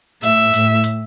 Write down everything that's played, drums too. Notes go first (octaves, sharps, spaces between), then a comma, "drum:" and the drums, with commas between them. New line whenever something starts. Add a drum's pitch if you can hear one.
A2 E5, drum: hi-hat
A2, drum: hi-hat
drum: hi-hat